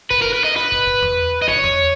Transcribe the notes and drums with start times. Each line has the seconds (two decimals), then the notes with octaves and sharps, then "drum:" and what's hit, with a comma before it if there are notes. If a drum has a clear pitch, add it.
0.11 B4, drum: kick
0.22 A#4
0.33 B4
0.45 D#5
0.56 B4
0.72 drum: kick
0.87 drum: kick
1.02 drum: tom E2
1.42 D#5
1.48 C#5, drum: kick
1.64 drum: tom E2